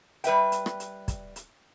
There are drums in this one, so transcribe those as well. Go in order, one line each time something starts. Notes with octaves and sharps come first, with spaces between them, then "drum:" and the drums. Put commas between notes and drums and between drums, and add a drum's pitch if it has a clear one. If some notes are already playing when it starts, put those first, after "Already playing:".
G3 B4 E5 G5, drum: hi-hat
drum: hi-hat
drum: rim click
drum: hi-hat
drum: kick, hi-hat
drum: hi-hat